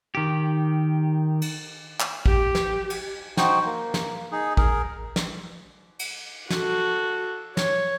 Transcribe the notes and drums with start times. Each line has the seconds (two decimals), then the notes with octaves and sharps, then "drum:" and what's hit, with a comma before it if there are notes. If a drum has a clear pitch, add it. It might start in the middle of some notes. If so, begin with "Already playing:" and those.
0.15 D#3 G4
1.42 drum: cymbal
2.00 drum: clap
2.26 G4, drum: kick
2.55 drum: snare
2.90 drum: cymbal
3.37 D#4 F#4 C5 G5, drum: snare
3.66 A#3
3.94 drum: snare
4.32 D#4 G#4
4.57 G#4 A#4, drum: kick
5.16 drum: snare
5.99 drum: cymbal
6.50 F#4 A4, drum: snare
7.57 C#5, drum: snare